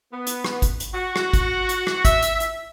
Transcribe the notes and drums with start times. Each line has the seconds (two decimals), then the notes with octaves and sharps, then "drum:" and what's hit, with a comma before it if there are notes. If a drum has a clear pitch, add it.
0.13 B3
0.27 drum: hi-hat
0.44 drum: rim click
0.62 drum: kick, hi-hat
0.80 drum: hi-hat
0.94 F#4
1.16 drum: rim click
1.33 drum: kick, hi-hat
1.69 drum: hi-hat
1.87 drum: rim click
2.05 E5, drum: kick, hi-hat
2.22 drum: hi-hat
2.40 drum: hi-hat